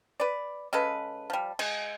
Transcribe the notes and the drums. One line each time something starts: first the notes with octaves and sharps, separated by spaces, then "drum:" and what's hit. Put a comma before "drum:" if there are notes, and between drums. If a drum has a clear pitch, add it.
B4 D5
C#3 G#3 A4 B4
F3 G3
G#3, drum: cymbal